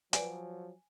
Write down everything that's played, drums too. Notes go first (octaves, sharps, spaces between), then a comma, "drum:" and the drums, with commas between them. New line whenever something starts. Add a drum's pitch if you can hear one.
F3 F#3 B4 D5 G#5, drum: hi-hat